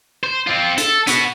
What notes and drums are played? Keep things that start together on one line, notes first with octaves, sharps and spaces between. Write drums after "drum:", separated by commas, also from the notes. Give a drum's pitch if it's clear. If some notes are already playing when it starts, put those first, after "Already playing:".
C5
C4 F4
A4, drum: hi-hat
B3 F#4, drum: hi-hat